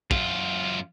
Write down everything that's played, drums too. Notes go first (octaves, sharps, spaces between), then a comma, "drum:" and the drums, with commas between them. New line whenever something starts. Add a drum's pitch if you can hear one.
F#2 F4, drum: kick